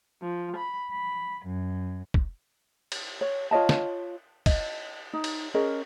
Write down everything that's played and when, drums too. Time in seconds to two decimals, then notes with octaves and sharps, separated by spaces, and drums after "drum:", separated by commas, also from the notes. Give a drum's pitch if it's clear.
0.21 F3
0.56 B5
0.91 B5
1.45 F#2
2.14 drum: kick F1
2.92 drum: cymbal
3.21 C#5
3.51 F4 C#5 D#5 A5
3.69 drum: snare
4.46 D#5, drum: kick F1, cymbal
5.13 D#4
5.24 drum: cymbal
5.54 C#4 G#4 A#4 D#5